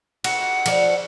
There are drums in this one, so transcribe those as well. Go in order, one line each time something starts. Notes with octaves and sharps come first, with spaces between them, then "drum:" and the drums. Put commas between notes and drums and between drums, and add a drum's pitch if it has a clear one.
F#4 F#5, drum: cymbal
F3 D5, drum: cymbal